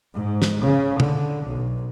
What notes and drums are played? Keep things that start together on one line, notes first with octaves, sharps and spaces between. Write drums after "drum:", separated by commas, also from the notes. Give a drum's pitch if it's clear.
G#2
drum: snare
C#3
D3, drum: tom
B1